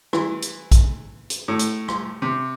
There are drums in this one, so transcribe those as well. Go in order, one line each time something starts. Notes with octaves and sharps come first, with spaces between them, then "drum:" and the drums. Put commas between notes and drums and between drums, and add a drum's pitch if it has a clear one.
E3, drum: rim click
drum: hi-hat
drum: kick A#1, hi-hat
drum: hi-hat
A2
drum: hi-hat
drum: rim click
C3